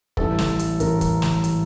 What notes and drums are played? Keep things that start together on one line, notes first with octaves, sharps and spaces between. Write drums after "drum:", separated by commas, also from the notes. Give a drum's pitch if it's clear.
A1 A2 G3 A4, drum: kick
drum: snare
drum: hi-hat
A1 A2 G3 A#4, drum: hi-hat
drum: kick, hi-hat
drum: snare
A2 G3, drum: hi-hat